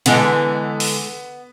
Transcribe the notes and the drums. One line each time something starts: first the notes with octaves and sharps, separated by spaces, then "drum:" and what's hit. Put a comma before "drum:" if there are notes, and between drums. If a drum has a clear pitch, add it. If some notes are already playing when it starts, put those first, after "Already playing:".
D3 E3 G#3 B3, drum: hi-hat
drum: open hi-hat